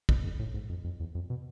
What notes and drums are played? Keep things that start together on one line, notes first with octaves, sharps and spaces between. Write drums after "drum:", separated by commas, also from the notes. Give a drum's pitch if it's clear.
B2, drum: kick
F2
A2
G#2
F2
F2
E2
F2
B2